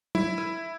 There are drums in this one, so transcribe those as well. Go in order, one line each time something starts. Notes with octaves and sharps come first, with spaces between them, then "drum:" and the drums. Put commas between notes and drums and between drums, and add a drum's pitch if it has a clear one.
E4, drum: tom
drum: rim click